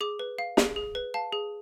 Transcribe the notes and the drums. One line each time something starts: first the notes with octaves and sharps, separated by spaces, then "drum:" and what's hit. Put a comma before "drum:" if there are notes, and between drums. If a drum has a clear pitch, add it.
G#4 D6
B4
F5
G#4, drum: snare
G#4
B4
F5 A5
G#4